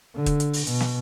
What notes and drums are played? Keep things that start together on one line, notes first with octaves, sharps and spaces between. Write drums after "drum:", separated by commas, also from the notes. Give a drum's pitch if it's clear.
D3
drum: kick, hi-hat
drum: hi-hat
drum: open hi-hat
B2, drum: hi-hat
drum: snare